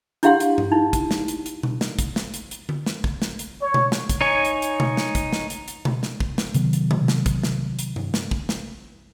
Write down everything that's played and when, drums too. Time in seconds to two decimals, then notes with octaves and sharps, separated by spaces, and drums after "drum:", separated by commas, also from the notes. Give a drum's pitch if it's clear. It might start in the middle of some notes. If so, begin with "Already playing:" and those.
0.23 D4 E4 G4 F5 F#5 C6, drum: hi-hat
0.40 drum: hi-hat
0.58 drum: tom G2
0.72 D#4 E4
0.93 drum: kick, hi-hat
1.11 drum: snare
1.28 drum: hi-hat
1.46 drum: hi-hat
1.63 drum: tom B2
1.81 drum: snare
1.99 drum: kick, hi-hat
2.16 drum: snare
2.34 drum: hi-hat
2.51 drum: hi-hat
2.69 drum: tom D3
2.86 drum: snare
3.04 drum: kick
3.22 drum: snare
3.39 drum: hi-hat
3.62 C#5
3.74 drum: tom B2
3.92 drum: snare
4.09 drum: kick, hi-hat
4.21 D#4 C#5 G#5
4.45 drum: hi-hat
4.62 drum: hi-hat
4.80 drum: tom B2
4.97 drum: snare
5.15 drum: kick, hi-hat
5.33 drum: snare
5.50 drum: hi-hat
5.68 drum: hi-hat
5.85 drum: tom B2
6.03 drum: snare
6.20 drum: kick
6.38 drum: snare
6.54 C3 D#3 F#3 B3, drum: hi-hat
6.73 drum: hi-hat
6.91 drum: tom B2
7.08 drum: snare
7.26 drum: kick, hi-hat
7.43 drum: snare
7.79 drum: hi-hat
7.96 drum: tom G2
8.14 drum: snare
8.31 drum: kick
8.49 drum: snare